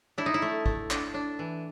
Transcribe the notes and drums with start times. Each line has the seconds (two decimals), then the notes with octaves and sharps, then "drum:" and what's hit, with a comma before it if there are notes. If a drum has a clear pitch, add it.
0.18 D4 E4
0.26 D#4
0.34 E4
0.42 A3
0.66 A3, drum: kick
0.91 D4, drum: clap
1.14 D4
1.39 E3